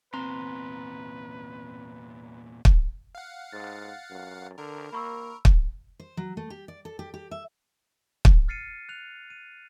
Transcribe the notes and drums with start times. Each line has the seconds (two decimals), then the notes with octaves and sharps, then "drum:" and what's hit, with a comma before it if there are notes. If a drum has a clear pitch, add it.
0.14 E2 A#2 C4 B4 A#5 C6
2.65 drum: kick
3.15 F5 F#5
3.52 G#2 A6
4.10 F#2
4.58 D3 A#4
4.92 A#3 B5 C#6 E6
5.45 drum: kick
5.99 C5
6.17 F#3
6.37 A3
6.50 G4
6.68 D5
6.85 A4
6.99 G4
7.14 G4
7.31 E5
8.25 drum: kick
8.48 F6 A6 C7 C#7 D#7
8.89 F#6 F7
9.30 D#7